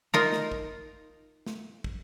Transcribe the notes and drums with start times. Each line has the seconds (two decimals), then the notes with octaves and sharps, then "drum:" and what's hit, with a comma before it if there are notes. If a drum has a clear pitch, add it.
0.14 D#4 F4 A#4
0.33 drum: snare
0.52 drum: kick
1.46 drum: snare
1.84 drum: kick